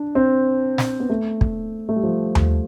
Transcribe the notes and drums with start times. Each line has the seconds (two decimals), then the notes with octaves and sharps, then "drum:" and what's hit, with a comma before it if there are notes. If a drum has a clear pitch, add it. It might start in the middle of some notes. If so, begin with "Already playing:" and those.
Already playing: D4
0.15 C4
0.78 drum: snare
1.00 B3
1.10 A3
1.41 drum: kick
1.89 A3
1.96 G3
2.03 F3
2.35 drum: tom D#2